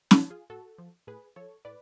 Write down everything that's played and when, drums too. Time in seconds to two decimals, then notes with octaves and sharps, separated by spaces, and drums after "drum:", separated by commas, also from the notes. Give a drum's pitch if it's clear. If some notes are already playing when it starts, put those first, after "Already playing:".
0.11 D4 F#4, drum: snare
0.21 F3
0.30 F4 G#4
0.50 A2 F#4 A4
0.78 F3
1.07 A2 G#4 B4
1.36 F3 A4 C#5
1.65 A2 B4 D5